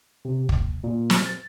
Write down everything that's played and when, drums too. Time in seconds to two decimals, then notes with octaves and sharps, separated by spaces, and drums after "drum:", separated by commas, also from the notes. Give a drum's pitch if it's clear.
0.25 C3
0.49 D#2, drum: kick
0.84 A#2
1.10 drum: snare
1.26 A6